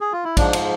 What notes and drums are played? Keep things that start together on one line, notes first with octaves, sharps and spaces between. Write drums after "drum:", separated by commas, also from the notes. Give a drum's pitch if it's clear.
G#4
F4
E4
G#2 F3 D4, drum: kick A#1, cymbal
drum: cymbal